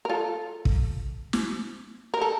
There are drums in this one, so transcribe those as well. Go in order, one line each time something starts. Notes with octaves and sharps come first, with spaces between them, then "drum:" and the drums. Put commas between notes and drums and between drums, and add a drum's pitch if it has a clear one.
A#4
F4 A4
drum: kick
drum: snare
A#4
A4